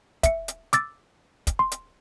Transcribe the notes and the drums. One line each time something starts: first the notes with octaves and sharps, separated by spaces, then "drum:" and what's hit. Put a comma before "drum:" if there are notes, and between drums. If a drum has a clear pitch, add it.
E5 C#7, drum: kick, hi-hat
drum: hi-hat
D6 E6 A6, drum: hi-hat
drum: kick, hi-hat
C6
drum: hi-hat